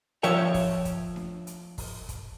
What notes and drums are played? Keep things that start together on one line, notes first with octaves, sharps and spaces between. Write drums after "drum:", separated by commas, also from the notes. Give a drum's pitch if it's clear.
F3 C#5 E5 G5, drum: hi-hat
drum: kick, open hi-hat
drum: kick, hi-hat
drum: snare D4
drum: hi-hat
drum: kick, open hi-hat
drum: kick, hi-hat